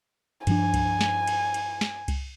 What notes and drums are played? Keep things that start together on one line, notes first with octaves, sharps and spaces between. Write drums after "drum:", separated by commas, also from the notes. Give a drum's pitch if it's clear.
G2 F3 D4 G#5, drum: cymbal
drum: kick C2, cymbal
drum: snare
drum: cymbal
drum: cymbal
drum: snare
drum: kick C2, cymbal